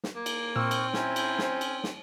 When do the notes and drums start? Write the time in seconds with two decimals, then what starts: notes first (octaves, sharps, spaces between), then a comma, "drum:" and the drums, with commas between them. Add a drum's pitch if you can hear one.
0.04 drum: snare
0.15 A#3
0.26 drum: cymbal
0.56 A#2 C4 C#6 E6 F6
0.71 drum: cymbal
0.94 C#4 E4 C5 A#5, drum: snare
1.16 drum: cymbal
1.39 drum: snare
1.61 drum: cymbal
1.84 drum: snare